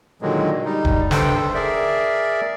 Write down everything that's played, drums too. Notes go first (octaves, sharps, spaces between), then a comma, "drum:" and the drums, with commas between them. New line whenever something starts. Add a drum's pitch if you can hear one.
A#2 D3 D#3 F#3 G#3
G3 D#4
drum: kick D#1
G2 A4 C5 G5, drum: snare
A4
G#4 A#4 D5 E5